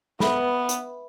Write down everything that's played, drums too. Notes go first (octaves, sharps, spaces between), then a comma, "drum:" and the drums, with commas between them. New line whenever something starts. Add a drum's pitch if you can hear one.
B3 B4 E5 B5, drum: snare
drum: hi-hat